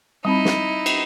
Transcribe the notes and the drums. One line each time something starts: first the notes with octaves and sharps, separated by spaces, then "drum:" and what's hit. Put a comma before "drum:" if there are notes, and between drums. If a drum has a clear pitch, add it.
G3 C4 D#4 E4 B5
drum: snare
drum: cymbal